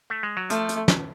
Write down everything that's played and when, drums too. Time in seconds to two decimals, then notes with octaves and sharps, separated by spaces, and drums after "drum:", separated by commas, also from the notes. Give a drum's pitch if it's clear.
0.10 A3
0.23 G#3
0.37 F#3
0.50 F3 A3, drum: hi-hat
0.69 drum: hi-hat
0.88 drum: snare